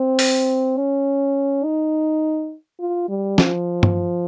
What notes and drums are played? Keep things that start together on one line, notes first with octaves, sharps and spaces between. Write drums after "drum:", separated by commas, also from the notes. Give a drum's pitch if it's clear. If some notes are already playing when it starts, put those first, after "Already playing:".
Already playing: C4
drum: open hi-hat
C#4
D#4
F4
G3
F3, drum: snare
drum: tom